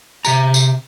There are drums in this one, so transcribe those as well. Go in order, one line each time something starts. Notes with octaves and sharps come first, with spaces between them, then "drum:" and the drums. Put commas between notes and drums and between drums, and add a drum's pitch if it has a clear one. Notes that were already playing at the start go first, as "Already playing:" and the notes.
C3 G4 A#5, drum: tambourine
drum: tambourine